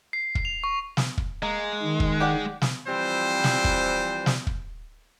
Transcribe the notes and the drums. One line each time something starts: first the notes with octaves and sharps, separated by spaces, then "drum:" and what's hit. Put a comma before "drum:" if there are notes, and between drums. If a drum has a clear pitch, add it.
C7
drum: kick
F7
C#6
drum: snare
drum: kick
G#3 A#3
D#3
drum: kick
G4 D5 F#5
drum: snare
E3 F3 G3 C4 C5
drum: snare
drum: kick
drum: snare
drum: kick